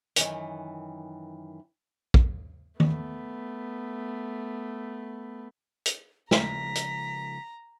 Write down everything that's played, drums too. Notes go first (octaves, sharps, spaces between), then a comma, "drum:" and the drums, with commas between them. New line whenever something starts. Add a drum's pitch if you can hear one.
F#2 D#3 E3, drum: hi-hat
drum: kick A#1
A3 B3, drum: tom D#3
drum: hi-hat
C#3 F3 G#3 A#5 B6, drum: snare
drum: hi-hat